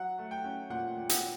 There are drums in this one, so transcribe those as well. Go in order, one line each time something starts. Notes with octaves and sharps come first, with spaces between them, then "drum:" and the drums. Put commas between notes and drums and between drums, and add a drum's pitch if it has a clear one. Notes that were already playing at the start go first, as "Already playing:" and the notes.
Already playing: F#3 F#5
A3
G5
C#4
A#2 F#5
A#2
F#5, drum: hi-hat